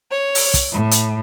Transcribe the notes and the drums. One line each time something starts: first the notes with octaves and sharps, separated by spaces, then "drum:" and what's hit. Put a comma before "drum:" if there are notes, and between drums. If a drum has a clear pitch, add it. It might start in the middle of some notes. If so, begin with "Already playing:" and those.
C#5
drum: open hi-hat
drum: kick, hi-hat
A2
drum: hi-hat